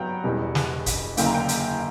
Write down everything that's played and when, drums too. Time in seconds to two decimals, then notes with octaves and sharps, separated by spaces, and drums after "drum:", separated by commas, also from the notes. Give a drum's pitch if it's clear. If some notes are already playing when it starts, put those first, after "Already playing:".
Already playing: G2 F#3 B3 F#5 G5 A#5
0.23 E1 E2 B2 G3
0.55 drum: snare
0.86 drum: kick, hi-hat
1.17 F#1 F#2 D3 A#3 G5, drum: hi-hat
1.26 A#5
1.35 G5
1.49 drum: hi-hat